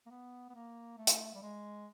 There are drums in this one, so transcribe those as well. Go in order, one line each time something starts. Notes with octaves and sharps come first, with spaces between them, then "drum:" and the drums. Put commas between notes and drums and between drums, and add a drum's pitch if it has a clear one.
A#3
B3
B3
A#3
A3
drum: hi-hat
G3
G#3